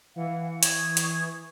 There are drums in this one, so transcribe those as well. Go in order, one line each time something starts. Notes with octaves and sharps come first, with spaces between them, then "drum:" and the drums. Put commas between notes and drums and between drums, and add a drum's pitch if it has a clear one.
E3 F5 F#5
C#6 D#6 G#6, drum: hi-hat
drum: hi-hat